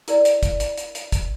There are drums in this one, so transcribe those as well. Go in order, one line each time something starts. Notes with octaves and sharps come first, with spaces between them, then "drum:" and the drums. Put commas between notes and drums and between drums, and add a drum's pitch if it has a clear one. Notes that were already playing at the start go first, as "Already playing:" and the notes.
E4 A#4 D5, drum: hi-hat
drum: hi-hat
drum: kick, hi-hat
drum: hi-hat
drum: hi-hat
drum: hi-hat
drum: kick, hi-hat